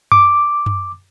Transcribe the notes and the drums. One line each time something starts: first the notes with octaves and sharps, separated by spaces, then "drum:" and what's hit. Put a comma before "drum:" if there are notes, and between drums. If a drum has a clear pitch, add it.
D6, drum: tom F#2
drum: tom F#2